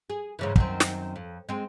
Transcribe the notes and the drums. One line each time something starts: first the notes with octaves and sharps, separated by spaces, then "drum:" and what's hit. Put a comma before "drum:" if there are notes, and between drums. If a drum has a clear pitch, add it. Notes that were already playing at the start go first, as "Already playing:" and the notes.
G#4
G#2 C#3 E3
F#2 D#3 C4, drum: kick
drum: snare
F2
G#3 C4